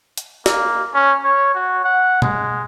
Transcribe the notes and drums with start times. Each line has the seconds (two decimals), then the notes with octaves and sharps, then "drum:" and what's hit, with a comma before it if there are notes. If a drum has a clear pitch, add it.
0.18 drum: hi-hat
0.46 A#3, drum: snare
0.94 C#4
1.24 C#5
1.55 F#4
1.84 F#5
2.22 G#3, drum: tom B2